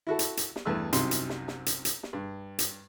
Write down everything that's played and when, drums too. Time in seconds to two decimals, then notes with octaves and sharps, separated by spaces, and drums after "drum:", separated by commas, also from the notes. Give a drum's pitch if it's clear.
0.07 E4 F#4 A4
0.19 drum: hi-hat
0.37 drum: hi-hat
0.56 drum: snare
0.65 E2 G2 A3 B4 E6
0.93 C2 F#2 C3 D#4 C6, drum: hi-hat
1.11 drum: hi-hat
1.29 drum: snare
1.48 drum: snare
1.66 drum: hi-hat
1.85 drum: hi-hat
2.03 drum: snare
2.13 G2
2.59 drum: hi-hat